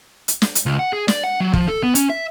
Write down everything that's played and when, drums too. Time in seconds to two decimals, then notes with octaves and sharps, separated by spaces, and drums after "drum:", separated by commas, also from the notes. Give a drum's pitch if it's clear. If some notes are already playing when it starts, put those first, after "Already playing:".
0.28 drum: hi-hat
0.42 drum: snare
0.55 drum: hi-hat
0.66 C#2
0.79 F#5
0.93 G#4
1.08 D5, drum: snare
1.24 F#5
1.40 F#3
1.53 F3, drum: kick
1.68 A4
1.83 B3
1.95 C#4, drum: hi-hat
2.10 E5